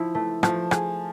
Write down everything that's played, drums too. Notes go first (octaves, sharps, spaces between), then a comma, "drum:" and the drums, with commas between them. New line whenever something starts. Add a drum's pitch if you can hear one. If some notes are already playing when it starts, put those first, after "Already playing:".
Already playing: F3 E4
A3
F3 A3, drum: rim click
G#4, drum: rim click